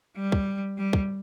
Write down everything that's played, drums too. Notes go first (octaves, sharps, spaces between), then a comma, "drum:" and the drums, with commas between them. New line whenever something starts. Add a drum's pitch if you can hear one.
G3
drum: kick
G3
drum: kick